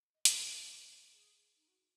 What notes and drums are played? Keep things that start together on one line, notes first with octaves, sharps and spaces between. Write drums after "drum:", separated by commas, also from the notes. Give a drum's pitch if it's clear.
D#5
C#5, drum: hi-hat
B4
C#5
G#4
D#4
F#4